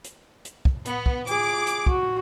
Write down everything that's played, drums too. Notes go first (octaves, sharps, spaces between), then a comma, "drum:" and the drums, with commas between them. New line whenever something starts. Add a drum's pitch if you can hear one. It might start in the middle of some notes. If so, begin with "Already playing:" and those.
drum: hi-hat
drum: hi-hat
drum: kick
B3, drum: hi-hat
drum: kick
F4 G#4 D6, drum: hi-hat
drum: hi-hat
F#4, drum: kick